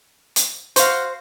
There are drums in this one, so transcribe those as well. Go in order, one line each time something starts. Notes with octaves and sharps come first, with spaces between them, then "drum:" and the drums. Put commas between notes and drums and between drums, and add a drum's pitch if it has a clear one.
drum: hi-hat
F#4 C5 F5, drum: hi-hat